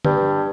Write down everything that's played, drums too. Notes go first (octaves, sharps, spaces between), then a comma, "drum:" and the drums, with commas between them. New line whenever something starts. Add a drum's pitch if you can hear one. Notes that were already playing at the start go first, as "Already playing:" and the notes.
G2, drum: tom D3